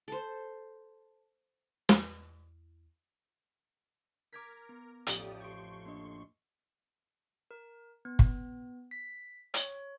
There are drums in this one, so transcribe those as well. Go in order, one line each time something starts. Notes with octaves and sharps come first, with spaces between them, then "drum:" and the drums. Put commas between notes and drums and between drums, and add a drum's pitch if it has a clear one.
A4 C5
E2, drum: snare
A#4 D6 G#6 B6
B3
A1 F2 G4 D5 D#6, drum: hi-hat
C6 C#6 G6 D7
A#3 D4 D#5
A#4
B3
drum: kick G1
B6
C#5, drum: hi-hat